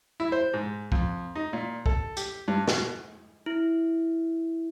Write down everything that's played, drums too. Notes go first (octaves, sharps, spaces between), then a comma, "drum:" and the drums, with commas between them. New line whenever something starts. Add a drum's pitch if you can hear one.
E4
C5
G#2
F2, drum: kick
D#4
A#2
A4, drum: kick
G4, drum: hi-hat
G2
B2, drum: snare
E4